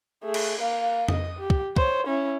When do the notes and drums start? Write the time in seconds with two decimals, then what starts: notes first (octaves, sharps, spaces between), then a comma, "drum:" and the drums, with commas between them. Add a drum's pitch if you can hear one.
0.24 A3 G#4
0.34 drum: cymbal
0.61 A#3 F5
1.08 D#5 D#6, drum: tom F2
1.40 G4
1.50 drum: kick
1.77 C5 C#5, drum: kick
2.07 C#4 E4